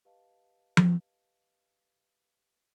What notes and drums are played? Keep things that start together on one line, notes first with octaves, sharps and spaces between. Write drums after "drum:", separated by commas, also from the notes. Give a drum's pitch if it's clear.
G4 B4 D#5 F5 A5
drum: tom F3